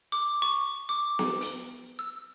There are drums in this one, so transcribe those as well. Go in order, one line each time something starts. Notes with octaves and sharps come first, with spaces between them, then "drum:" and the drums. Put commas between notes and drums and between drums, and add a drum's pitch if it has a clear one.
D6
C#6
D6
drum: snare B3
drum: hi-hat
E6